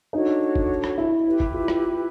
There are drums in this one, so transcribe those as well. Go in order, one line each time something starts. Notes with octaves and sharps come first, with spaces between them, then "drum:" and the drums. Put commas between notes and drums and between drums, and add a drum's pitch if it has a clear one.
D4 D#4 F#4 A4 C#5
drum: kick
drum: rim click
E4
E4 G4 B4
drum: kick
F4
drum: rim click